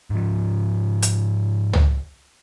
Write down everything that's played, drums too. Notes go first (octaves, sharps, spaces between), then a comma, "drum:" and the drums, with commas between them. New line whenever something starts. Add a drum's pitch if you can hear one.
G#2 F3
drum: hi-hat
drum: tom